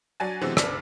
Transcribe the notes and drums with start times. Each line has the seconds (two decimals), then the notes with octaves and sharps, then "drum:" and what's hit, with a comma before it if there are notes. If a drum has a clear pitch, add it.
0.20 F#3 D4 G#5 A6
0.41 C3 E3 F#3 G#3 B3 C4
0.57 F#1 D4 D6 B6, drum: rim click